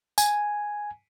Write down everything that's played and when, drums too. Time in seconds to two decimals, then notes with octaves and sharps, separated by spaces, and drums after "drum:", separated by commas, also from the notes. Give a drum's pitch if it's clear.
0.18 G#5, drum: tambourine